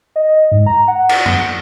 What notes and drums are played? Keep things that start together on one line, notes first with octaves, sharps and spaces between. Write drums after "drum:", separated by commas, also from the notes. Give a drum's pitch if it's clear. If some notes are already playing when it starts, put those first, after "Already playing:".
D#5
G#2
A#5
F#5
drum: cymbal
drum: tom F#2